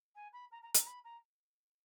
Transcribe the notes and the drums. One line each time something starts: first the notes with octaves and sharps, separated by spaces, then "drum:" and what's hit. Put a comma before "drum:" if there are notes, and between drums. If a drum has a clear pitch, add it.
G#5
B5
A#5
A#5
A#5, drum: hi-hat
B5
A#5